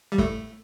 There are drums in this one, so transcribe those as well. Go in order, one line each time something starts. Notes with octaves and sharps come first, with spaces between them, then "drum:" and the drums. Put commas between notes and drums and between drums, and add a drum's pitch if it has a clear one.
G3
A2 A3, drum: kick